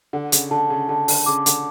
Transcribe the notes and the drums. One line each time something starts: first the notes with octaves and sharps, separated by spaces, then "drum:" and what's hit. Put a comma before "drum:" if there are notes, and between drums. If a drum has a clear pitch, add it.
D3 F#5
C#3, drum: hi-hat
D3 A5
C#3
D3 A5
D3, drum: open hi-hat
C#3 D6
D3, drum: hi-hat